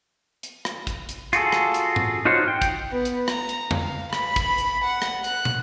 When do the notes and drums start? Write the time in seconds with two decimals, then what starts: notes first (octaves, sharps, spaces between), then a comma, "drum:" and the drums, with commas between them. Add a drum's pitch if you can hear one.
0.43 drum: hi-hat
0.65 drum: rim click
0.87 drum: kick, hi-hat
1.09 drum: hi-hat
1.33 F4 F#4 G#4 A4, drum: hi-hat
1.52 drum: rim click
1.74 drum: hi-hat
1.96 drum: tom G#2
2.25 D#4 F4 F#4 C5 C#5
2.48 G5
2.62 drum: kick, hi-hat
2.92 B3
3.05 drum: hi-hat
3.28 A#5, drum: rim click
3.49 drum: hi-hat
3.71 F5, drum: tom F2
4.13 B5, drum: rim click
4.36 drum: kick, hi-hat
4.58 drum: hi-hat
4.84 F#5
5.02 drum: rim click
5.24 F#6, drum: hi-hat
5.45 drum: tom